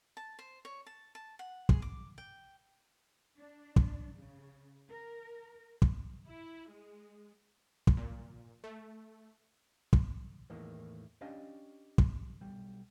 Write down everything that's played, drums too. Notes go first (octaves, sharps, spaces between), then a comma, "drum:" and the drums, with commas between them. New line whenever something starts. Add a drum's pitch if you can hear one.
A5
C5
C#5
A5
A5
F#5
G#4, drum: kick
D6
G5
D4
drum: kick
C#3
A#4
drum: kick
E4
G#3
drum: kick
A#2
A3
drum: kick
E2 A2 D#3 E3 A#3
C#4 D4 G4 D#5 F5
drum: kick
B1 G3